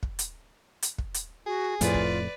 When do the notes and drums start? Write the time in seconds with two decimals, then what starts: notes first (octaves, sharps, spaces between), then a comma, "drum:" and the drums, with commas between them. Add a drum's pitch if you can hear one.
0.03 drum: kick
0.19 drum: hi-hat
0.82 drum: hi-hat
0.98 drum: kick
1.14 drum: hi-hat
1.46 F#4 G#4
1.81 F2 A2 F4 B4 D5, drum: hi-hat
1.94 drum: kick